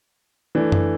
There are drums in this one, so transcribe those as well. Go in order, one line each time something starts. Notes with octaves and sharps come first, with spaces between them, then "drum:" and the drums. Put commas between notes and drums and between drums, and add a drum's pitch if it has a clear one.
E3 A3 D4
drum: tom F#2